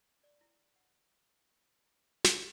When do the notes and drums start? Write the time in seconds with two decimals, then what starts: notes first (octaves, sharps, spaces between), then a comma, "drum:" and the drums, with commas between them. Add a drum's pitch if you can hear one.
0.23 D5
0.41 E4
0.76 F#5
2.24 D#4, drum: snare